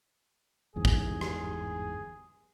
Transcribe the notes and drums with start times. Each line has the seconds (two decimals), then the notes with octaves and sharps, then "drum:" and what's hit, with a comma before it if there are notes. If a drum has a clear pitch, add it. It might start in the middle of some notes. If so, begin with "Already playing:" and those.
0.76 G1 E2 G#2 G#4
0.85 drum: kick
1.21 drum: rim click